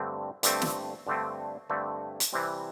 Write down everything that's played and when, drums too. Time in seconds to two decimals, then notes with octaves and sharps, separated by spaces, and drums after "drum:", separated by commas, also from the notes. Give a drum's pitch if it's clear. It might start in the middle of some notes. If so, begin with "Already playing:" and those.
Already playing: G2 D3 A3 C4
0.43 G2 D3 A3 C4, drum: hi-hat
0.62 drum: snare
1.07 G2 D3 A3 C4
1.69 G2 D3 A3 C4
2.20 drum: hi-hat
2.33 C3 E3 G3 C4